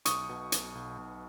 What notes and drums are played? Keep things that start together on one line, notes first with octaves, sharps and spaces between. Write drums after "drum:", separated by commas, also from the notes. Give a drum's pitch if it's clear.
B1 C#6 D#6, drum: hi-hat
B2
B1, drum: hi-hat
B1
B1